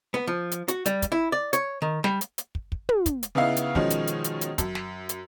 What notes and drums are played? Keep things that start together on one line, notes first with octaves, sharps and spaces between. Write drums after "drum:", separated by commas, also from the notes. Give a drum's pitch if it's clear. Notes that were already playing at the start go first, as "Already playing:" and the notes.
B3
F3
drum: hi-hat
F#4, drum: hi-hat
G3, drum: hi-hat
drum: kick, hi-hat
E4
D5
C#5, drum: hi-hat
D#3
G3, drum: snare
drum: hi-hat
drum: hi-hat
drum: kick
drum: kick
drum: tom
drum: kick, hi-hat
drum: hi-hat
C#3 B3 D#4 E4 F5
drum: hi-hat
B2 D#3 F3 G#3 C#4, drum: kick
drum: hi-hat
drum: hi-hat
drum: hi-hat
drum: hi-hat
F#2, drum: kick, hi-hat
drum: snare
drum: hi-hat